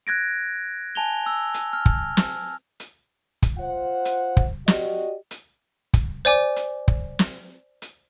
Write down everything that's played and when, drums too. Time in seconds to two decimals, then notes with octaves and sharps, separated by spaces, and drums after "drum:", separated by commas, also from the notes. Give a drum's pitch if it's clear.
0.07 F#6 G#6 A#6 D7
0.95 G#5 A5 F7 G7
1.26 E6
1.54 drum: hi-hat
1.73 F6
1.86 drum: kick
2.17 drum: snare
2.80 drum: hi-hat
3.42 drum: kick, hi-hat
3.58 F4 C5 F#5
4.05 drum: hi-hat
4.37 drum: kick
4.68 F#4 G4 D5 D#5, drum: snare
5.31 drum: hi-hat
5.94 drum: kick, hi-hat
6.25 C5 D5 G#5 D6
6.56 drum: hi-hat
6.88 drum: kick
7.19 drum: snare
7.82 drum: hi-hat